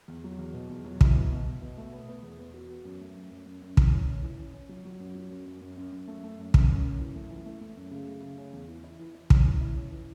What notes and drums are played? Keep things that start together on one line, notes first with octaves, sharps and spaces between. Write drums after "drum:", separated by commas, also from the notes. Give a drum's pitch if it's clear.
E2
F#3
E2
B2
E2
F#3
E4, drum: kick
B2
B2
B2
B2
A3
B3
B3
E2
B3
F#4
B3
F#2
A3
F#2
F#2
F#2
F#2
E3, drum: kick
C#4
C#4
E3
C#4
C#4
F#3
F#3
F#2
F#3
F#2
F#2
F#2
F#2
F#2
A3
A3
F#2
F#2, drum: kick
F#2
F#2
E3
A3
E3
A3
A3
F#2
C#3
A3
C#3
C#4
E2
E3
E4
E3
E4
C#4, drum: kick
E3
E4
C#4
E3